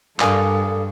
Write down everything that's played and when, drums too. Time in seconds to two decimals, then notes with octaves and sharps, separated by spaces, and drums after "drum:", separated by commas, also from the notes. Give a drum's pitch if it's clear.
0.20 G2 D4 A4 A#4 F5 G#5 D6 D#6, drum: clap